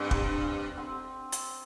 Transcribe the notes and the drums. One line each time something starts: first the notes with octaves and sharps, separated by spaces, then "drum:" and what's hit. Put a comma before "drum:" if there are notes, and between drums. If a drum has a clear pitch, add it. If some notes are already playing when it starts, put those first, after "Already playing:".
Already playing: G2 C4
drum: kick
C4
drum: hi-hat